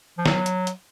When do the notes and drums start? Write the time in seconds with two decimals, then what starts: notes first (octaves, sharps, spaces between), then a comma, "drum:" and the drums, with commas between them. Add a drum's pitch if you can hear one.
0.18 F3
0.26 F#3, drum: snare
0.46 drum: hi-hat
0.67 drum: hi-hat